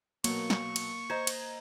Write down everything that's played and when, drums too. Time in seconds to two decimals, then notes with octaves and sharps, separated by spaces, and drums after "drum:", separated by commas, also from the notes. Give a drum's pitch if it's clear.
0.24 B2 F#3 A#3 C#6, drum: cymbal
0.50 drum: snare
0.76 drum: cymbal
1.10 C5 D#5 A#5 G#6
1.27 drum: cymbal